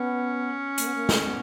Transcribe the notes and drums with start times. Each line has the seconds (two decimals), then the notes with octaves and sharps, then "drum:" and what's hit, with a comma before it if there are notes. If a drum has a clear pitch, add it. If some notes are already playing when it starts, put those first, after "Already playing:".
Already playing: B3 C#4
0.78 A#3, drum: hi-hat
0.87 B3
0.95 A#3
1.09 drum: snare
1.24 B3